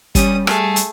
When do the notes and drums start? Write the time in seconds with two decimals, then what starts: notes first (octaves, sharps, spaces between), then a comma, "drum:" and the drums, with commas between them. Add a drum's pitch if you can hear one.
0.15 G3 C#4 D#6, drum: kick, hi-hat
0.47 A3 G#4, drum: rim click
0.76 drum: hi-hat